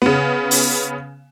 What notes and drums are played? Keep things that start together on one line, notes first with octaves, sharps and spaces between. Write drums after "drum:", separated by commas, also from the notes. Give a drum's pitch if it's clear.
C#3 B3
drum: open hi-hat